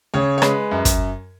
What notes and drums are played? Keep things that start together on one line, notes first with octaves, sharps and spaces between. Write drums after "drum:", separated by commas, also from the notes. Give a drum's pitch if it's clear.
C#3 C#5
C#5
G#3 B4, drum: rim click
F#2
drum: kick, hi-hat